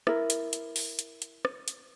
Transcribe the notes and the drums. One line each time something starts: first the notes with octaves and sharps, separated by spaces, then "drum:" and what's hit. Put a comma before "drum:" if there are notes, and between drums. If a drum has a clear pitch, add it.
E4 A#4, drum: rim click
drum: hi-hat
drum: hi-hat
drum: open hi-hat
drum: hi-hat
drum: hi-hat
drum: rim click
drum: hi-hat